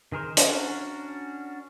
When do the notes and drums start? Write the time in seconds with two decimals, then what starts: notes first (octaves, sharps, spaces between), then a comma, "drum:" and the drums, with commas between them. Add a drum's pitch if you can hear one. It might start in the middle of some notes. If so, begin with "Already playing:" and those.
0.12 D#3 G#4 A#4 C5
0.37 C#4 D4 F#4 A#4, drum: hi-hat